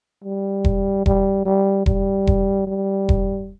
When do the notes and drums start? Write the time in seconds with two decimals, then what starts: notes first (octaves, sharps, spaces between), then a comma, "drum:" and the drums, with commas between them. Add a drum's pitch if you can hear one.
0.24 G3
0.64 drum: kick E1
1.06 G3, drum: kick E1
1.46 G3
1.86 G3, drum: kick E1
2.27 drum: kick E1
2.67 G3
3.09 drum: kick E1